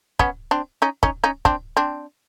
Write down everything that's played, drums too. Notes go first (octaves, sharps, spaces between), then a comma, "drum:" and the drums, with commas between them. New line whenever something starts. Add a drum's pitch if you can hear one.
B3 C#4, drum: kick
C4 D4
C#4 D#4
C#4 D#4, drum: kick
C#4 D#4
C4 D4, drum: kick
C4 D4